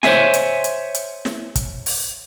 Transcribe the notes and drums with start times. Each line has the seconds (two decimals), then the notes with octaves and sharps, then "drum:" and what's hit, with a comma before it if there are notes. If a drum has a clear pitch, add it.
0.03 C5 C#5 E5 F5 G#5, drum: snare
0.34 drum: hi-hat
0.64 drum: hi-hat
0.95 drum: hi-hat
1.25 drum: snare
1.55 drum: kick, hi-hat
1.86 drum: open hi-hat